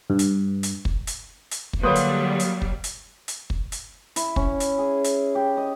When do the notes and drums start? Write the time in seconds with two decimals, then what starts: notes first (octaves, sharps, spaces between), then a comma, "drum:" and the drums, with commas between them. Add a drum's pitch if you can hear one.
0.10 G2
0.19 drum: hi-hat
0.63 drum: hi-hat
0.85 drum: kick
1.07 drum: hi-hat
1.51 drum: hi-hat
1.73 drum: kick
1.83 D3 F#3 G3 A#3 B4 C#5 D#6
1.95 drum: hi-hat
2.40 drum: hi-hat
2.62 drum: kick
2.84 drum: hi-hat
3.28 drum: hi-hat
3.50 drum: kick
3.72 drum: hi-hat
4.16 E4, drum: hi-hat
4.36 C#4, drum: kick
4.60 drum: hi-hat
4.79 G#4
5.04 drum: hi-hat
5.35 G4
5.57 D#5